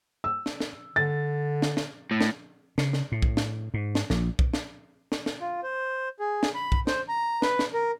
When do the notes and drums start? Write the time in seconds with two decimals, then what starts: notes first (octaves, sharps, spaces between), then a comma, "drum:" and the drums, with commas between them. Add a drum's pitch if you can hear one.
0.24 E6
0.46 drum: snare
0.60 drum: snare
0.96 D3 A6
1.62 drum: snare
1.77 drum: snare
2.11 A2
2.21 drum: snare
2.78 C#3, drum: snare
2.93 drum: snare
3.12 A2
3.22 drum: kick B1
3.37 drum: snare
3.74 G#2
3.95 drum: snare
4.10 A#1, drum: snare
4.39 drum: kick B1
4.53 drum: snare
5.12 drum: snare
5.26 drum: snare
5.40 F4
5.63 C5
6.19 G#4
6.43 drum: snare
6.54 B5
6.72 drum: kick B1
6.87 C5, drum: snare
7.08 A#5
7.42 B4, drum: snare
7.59 drum: snare
7.74 A#4